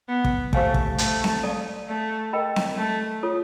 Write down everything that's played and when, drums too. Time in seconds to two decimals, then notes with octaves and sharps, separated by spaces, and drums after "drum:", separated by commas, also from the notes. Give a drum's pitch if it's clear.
0.08 B3
0.24 drum: kick
0.53 A3 G4 C5 F5 G#5, drum: kick
0.74 drum: kick
0.98 A3, drum: hi-hat
1.24 drum: snare C4
1.43 A4 D5 F5 A5
1.88 A3
2.33 A#4 D#5 G5 B5
2.56 drum: snare C4
2.78 A3
3.23 F4 A4 C#5